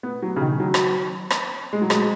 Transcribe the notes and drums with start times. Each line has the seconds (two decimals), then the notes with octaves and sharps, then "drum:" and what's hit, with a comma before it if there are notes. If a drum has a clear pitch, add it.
0.03 B3
0.22 F#3
0.36 C#3
0.41 D#3
0.60 F#3
0.74 drum: rim click
1.30 drum: rim click
1.73 G#3
1.82 F#3
1.90 G#3, drum: rim click